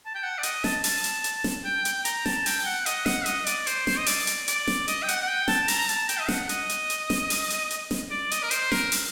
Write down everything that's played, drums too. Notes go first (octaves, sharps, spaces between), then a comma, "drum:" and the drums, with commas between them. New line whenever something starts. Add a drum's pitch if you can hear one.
A5
G5
F#5
D5
D#5, drum: hi-hat
A5, drum: snare
A5, drum: open hi-hat
drum: hi-hat
drum: hi-hat
drum: snare
G5
G5, drum: hi-hat
A#5, drum: hi-hat
A5, drum: snare
G5, drum: open hi-hat
F#5
D#5, drum: hi-hat
F#5, drum: snare
D#5, drum: hi-hat
D5, drum: hi-hat
C5, drum: hi-hat
C5, drum: snare
D#5
D5, drum: open hi-hat
drum: hi-hat
D5, drum: hi-hat
drum: snare
D#5, drum: hi-hat
G5
F#5, drum: hi-hat
F#5
G5
A5, drum: snare
A#5, drum: open hi-hat
A#5
A5, drum: hi-hat
G5, drum: hi-hat
D#5
F#5, drum: snare
D#5, drum: hi-hat
drum: hi-hat
drum: hi-hat
drum: snare
drum: open hi-hat
drum: hi-hat
drum: hi-hat
drum: snare
D5
D#5, drum: hi-hat
A#4
C5, drum: hi-hat
A#4, drum: snare
drum: open hi-hat